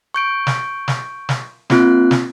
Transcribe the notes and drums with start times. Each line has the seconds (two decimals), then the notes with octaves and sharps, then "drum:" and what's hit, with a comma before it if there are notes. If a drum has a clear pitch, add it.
0.14 C#6 G6 D7
0.47 drum: snare
0.88 drum: snare
1.29 drum: snare
1.70 A#3 C4 F4 F#6, drum: snare
2.11 drum: snare